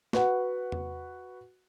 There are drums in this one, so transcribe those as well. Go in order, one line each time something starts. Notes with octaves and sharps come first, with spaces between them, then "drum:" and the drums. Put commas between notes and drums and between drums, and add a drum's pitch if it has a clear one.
F#4 B4 F#5, drum: snare
drum: tom E2